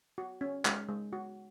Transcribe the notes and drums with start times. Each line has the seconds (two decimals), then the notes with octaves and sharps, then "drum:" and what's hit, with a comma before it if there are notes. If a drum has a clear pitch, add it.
0.18 F#4
0.41 C#4
0.65 G#3, drum: clap
0.89 G#3
1.13 F#4